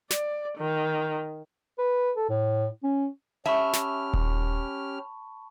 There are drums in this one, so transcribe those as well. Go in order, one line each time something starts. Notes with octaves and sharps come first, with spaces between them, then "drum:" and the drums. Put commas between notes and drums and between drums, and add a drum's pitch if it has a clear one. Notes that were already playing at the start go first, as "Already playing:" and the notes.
D5, drum: snare
D#3
B4
A4
A2
C#4
C#4 G4 E5 A5 B5 C#6 F6
drum: snare
drum: kick D#1